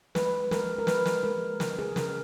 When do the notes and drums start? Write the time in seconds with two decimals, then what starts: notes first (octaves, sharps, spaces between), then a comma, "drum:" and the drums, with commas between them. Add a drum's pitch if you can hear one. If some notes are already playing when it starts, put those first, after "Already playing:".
0.15 G#3 B4, drum: snare
0.51 G#3 A#4, drum: snare
0.78 A#4
0.87 G#3 B4, drum: snare
1.06 drum: snare
1.23 G#3 A#4
1.60 C#3 A#4, drum: snare
1.79 G#4
1.96 C#3 A#4, drum: snare